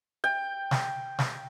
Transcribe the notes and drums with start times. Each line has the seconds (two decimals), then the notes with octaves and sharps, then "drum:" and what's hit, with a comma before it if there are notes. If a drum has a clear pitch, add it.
0.24 G5
0.71 drum: snare
1.19 drum: snare